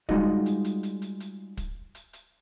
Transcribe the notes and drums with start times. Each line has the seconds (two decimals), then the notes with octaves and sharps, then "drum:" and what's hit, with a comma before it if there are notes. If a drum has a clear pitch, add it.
0.09 G3 G#3 D#4 F4 F#4 D#5, drum: kick
0.46 drum: hi-hat
0.64 drum: hi-hat
0.83 drum: hi-hat
1.02 drum: hi-hat
1.20 drum: hi-hat
1.57 drum: kick, hi-hat
1.95 drum: hi-hat
2.13 drum: hi-hat